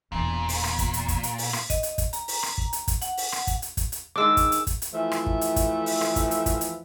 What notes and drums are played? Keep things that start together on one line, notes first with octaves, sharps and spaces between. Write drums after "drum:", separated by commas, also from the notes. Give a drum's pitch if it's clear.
E1 E2 A#2
drum: open hi-hat
drum: rim click
drum: kick, hi-hat
drum: hi-hat
drum: kick, hi-hat
drum: hi-hat
drum: open hi-hat
drum: rim click
D#5, drum: kick, hi-hat
drum: hi-hat
drum: kick, hi-hat
A#5, drum: hi-hat
drum: open hi-hat
drum: rim click
drum: kick
drum: hi-hat
drum: kick, hi-hat
F#5, drum: hi-hat
drum: open hi-hat
drum: rim click
drum: kick, hi-hat
drum: hi-hat
drum: kick, hi-hat
drum: hi-hat
D#3 G#3 D4 D6 E6
drum: kick, hi-hat
drum: hi-hat
drum: kick, hi-hat
drum: hi-hat
E3 F3 A3 E5
drum: rim click
drum: kick
drum: hi-hat
drum: kick, hi-hat
drum: open hi-hat
drum: rim click
drum: kick, hi-hat
drum: hi-hat
drum: kick, hi-hat
drum: hi-hat